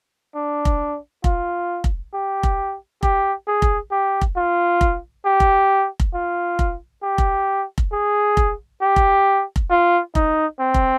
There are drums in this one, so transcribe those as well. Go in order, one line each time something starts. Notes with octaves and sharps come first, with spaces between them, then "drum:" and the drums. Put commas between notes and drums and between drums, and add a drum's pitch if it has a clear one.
D4
drum: kick F1
F4, drum: kick F1
drum: kick F1
G4
drum: kick F1
G4, drum: kick F1
G#4
drum: kick F1
G4
drum: kick F1
F4
drum: kick F1
G4
drum: kick F1
drum: kick F1
F4
drum: kick F1
G4
drum: kick F1
drum: kick F1
G#4
drum: kick F1
G4
drum: kick F1
drum: kick F1
F4
D#4, drum: kick F1
C4
drum: kick F1